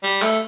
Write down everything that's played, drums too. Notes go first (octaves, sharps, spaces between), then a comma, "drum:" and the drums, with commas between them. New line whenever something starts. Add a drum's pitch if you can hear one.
G3
A3, drum: clap